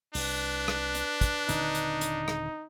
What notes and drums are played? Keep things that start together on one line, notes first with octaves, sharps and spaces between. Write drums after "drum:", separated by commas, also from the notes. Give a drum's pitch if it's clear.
C2 D4 B4, drum: open hi-hat
drum: rim click
drum: hi-hat
drum: kick, hi-hat
D#1 D3 C4 D#4, drum: hi-hat
drum: hi-hat
drum: hi-hat
drum: rim click